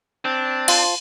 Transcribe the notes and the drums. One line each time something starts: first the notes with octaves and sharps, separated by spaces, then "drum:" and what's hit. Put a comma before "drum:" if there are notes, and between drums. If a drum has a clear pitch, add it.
C4 D4
F4 C5 A5, drum: cymbal